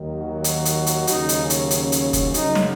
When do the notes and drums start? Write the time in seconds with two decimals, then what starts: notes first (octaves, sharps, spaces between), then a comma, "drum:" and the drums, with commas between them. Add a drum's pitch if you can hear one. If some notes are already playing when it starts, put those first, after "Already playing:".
Already playing: D#2 D#3 F#3
0.13 F#4
0.44 drum: hi-hat
0.65 drum: hi-hat
0.86 drum: hi-hat
1.07 D#2 C#3 F#3 D#4, drum: hi-hat
1.29 drum: hi-hat
1.40 C#4
1.50 drum: hi-hat
1.71 C#4, drum: hi-hat
1.92 drum: hi-hat
2.13 drum: kick F1, hi-hat
2.34 F#2 C#3 F#3 D#4, drum: hi-hat
2.55 drum: snare